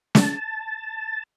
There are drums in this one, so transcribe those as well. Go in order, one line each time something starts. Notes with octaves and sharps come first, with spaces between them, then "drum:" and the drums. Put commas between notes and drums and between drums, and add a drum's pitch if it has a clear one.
A5, drum: snare